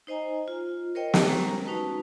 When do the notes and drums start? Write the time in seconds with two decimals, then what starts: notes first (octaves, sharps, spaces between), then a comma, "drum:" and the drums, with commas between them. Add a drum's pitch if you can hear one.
0.07 D#4 C5 D#5 G#5 A#5
0.48 F4
0.95 A#4 C5 C#5 D#5 G5
1.14 drum: snare
1.26 G3 G#3 C#4 A#4 A#5
1.65 C#4 D#4 F#4 B4 A5